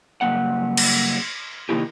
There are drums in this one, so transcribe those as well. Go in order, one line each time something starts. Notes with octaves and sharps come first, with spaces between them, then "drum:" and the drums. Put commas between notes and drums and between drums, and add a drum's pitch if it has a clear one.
G2 C#3 F#3 A#3 F#5
drum: cymbal
C3 D#3 A#3 D#4 E4 G4